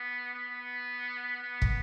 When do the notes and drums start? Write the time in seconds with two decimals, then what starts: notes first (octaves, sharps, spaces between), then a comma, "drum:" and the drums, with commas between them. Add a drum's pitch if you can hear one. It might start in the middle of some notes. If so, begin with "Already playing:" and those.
Already playing: B3
0.33 B3
1.42 B3
1.62 drum: kick